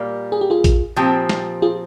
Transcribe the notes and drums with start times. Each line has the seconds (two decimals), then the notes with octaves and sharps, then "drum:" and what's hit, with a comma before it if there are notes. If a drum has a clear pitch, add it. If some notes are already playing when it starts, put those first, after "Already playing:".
Already playing: A#2 G3 A#3
0.32 G#4
0.41 G4
0.50 F4 G#4
0.64 drum: kick A#1, hi-hat
0.96 A#2 F3 C4 G4
1.29 drum: snare
1.62 F4 G#4